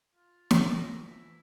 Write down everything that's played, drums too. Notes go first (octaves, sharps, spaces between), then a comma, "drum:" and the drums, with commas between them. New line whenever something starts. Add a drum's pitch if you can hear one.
F4
drum: snare
E3 F3 F#4
E4